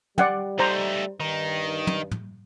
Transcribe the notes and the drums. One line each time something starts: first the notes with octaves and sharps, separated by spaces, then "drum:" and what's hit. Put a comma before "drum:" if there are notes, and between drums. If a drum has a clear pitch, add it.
G3 D5 F#5 G5, drum: tom
A3 D#4 C5 A#5
G2 D#3 D#4
drum: tom
drum: tom